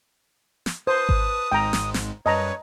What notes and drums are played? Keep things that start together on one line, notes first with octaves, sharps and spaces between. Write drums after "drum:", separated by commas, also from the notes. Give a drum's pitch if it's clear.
drum: snare
B4 C5 A5 D#6
drum: kick G#1
G#1 G#2 G#3 G5 A#5
drum: snare
drum: snare
F#2 G3 B4 C#5 D#5 A5 A#5